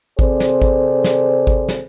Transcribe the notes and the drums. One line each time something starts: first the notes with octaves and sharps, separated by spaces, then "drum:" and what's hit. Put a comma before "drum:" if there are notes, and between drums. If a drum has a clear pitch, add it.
C3 C4 G#4 A4 C5 D5, drum: kick G#1
drum: snare
drum: kick G#1
drum: snare
drum: kick G#1
drum: snare